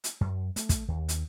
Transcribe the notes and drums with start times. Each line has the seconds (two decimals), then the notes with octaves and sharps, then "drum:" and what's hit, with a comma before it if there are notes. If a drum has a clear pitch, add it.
0.04 drum: hi-hat
0.21 F#2
0.56 A3, drum: hi-hat
0.69 drum: kick, hi-hat
0.88 D#2
1.09 drum: hi-hat